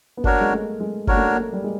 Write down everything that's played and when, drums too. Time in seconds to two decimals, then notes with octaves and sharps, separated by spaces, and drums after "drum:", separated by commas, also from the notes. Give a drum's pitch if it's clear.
0.17 B3
0.24 A#3 D4 F#4 A#4 C#5, drum: kick F#1
0.41 G#3
0.53 A3
0.80 G#3
1.07 A#3 D4 F#4 A#4 C#5, drum: kick F#1
1.17 A3
1.25 A#3
1.36 A3
1.53 G3
1.64 G#3